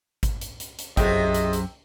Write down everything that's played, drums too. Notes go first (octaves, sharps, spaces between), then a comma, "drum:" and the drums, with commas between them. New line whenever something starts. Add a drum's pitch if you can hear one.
drum: kick G#1, hi-hat
drum: hi-hat
drum: hi-hat
drum: hi-hat
B1 F#2 C3 E4 G#4 D#5 G5, drum: kick G#1, hi-hat
drum: hi-hat
drum: hi-hat